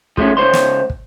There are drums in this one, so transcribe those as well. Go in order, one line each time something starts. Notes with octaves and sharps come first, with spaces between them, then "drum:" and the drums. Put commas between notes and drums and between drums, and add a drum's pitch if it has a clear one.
F3 G#3 A3 C4 C#4, drum: kick
C#2 C5 C#5 C6
drum: snare
drum: kick